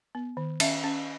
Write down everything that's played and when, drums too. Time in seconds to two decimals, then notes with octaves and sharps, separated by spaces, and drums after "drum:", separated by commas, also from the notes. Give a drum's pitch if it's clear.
0.15 B3
0.37 D#3
0.60 C#4 E5, drum: cymbal
0.84 C#4